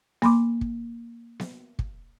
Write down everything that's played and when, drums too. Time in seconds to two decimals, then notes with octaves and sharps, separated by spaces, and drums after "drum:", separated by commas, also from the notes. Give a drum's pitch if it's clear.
0.22 A#3 B5 C6 D6, drum: snare B3
0.61 drum: kick
1.40 drum: snare B3
1.79 drum: kick